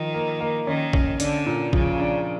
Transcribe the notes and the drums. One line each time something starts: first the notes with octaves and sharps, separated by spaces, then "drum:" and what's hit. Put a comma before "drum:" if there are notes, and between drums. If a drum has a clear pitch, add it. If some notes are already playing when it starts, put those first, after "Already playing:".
Already playing: D#3 F3
A#3
A#3
D#3 C#4
C#4, drum: kick
D3 D4, drum: hi-hat
A#2
C#3 F3, drum: kick
D4